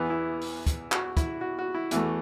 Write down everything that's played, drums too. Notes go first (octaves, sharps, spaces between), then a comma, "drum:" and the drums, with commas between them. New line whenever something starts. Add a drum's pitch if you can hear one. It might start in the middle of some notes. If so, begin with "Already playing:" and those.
Already playing: E2 E3 B3
E4
drum: open hi-hat
drum: kick, hi-hat
F#4, drum: clap
E4, drum: kick, hi-hat
F#4
F#4
E4
E2 E3 A3 F#4, drum: hi-hat